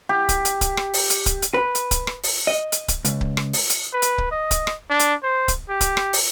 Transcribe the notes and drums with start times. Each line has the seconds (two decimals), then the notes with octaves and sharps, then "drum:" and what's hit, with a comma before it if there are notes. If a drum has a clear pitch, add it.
0.09 G4
0.29 drum: kick C#1, hi-hat
0.45 drum: hi-hat
0.61 drum: kick C#1, hi-hat
0.77 drum: rim click
0.94 drum: open hi-hat
1.10 drum: hi-hat
1.26 drum: kick C#1, hi-hat
1.42 drum: hi-hat
1.54 B4
1.75 drum: hi-hat
1.91 drum: kick C#1, hi-hat
2.07 drum: rim click
2.23 drum: open hi-hat
2.47 D#5
2.72 drum: hi-hat
2.88 drum: kick C#1, hi-hat
3.05 C#2, drum: hi-hat
3.21 drum: kick C#1
3.37 drum: rim click
3.53 drum: open hi-hat
3.70 drum: hi-hat
3.93 B4
4.02 drum: hi-hat
4.18 drum: kick C#1
4.31 D#5
4.51 drum: kick C#1, hi-hat
4.67 drum: rim click
4.90 D4
4.99 drum: hi-hat
5.23 C5
5.48 drum: kick C#1, hi-hat
5.69 G4
5.81 drum: kick C#1, hi-hat
5.97 drum: rim click
6.13 drum: open hi-hat